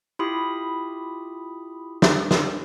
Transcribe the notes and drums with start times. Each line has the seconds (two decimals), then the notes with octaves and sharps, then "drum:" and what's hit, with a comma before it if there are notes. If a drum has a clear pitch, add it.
0.19 E4 F4 G4 B5 D#6
2.02 drum: snare
2.31 drum: snare